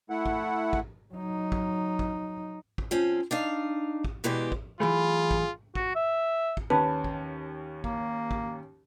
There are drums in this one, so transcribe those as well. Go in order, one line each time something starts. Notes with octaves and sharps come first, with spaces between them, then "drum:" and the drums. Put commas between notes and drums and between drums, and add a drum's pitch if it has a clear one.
A3 E4 F#5
drum: kick
drum: kick
F#3 D#4
drum: kick
drum: kick
drum: kick
F3 C4 C#4
D4 D#4 F5
drum: kick
B2 E3 G#3 G4 C5 D5
drum: kick
E3 F#3 A3 F4 G#4 B5
drum: kick
F#4, drum: kick
E5
drum: kick
D#2 C#4 B4 A5
drum: kick
A#3, drum: kick
drum: kick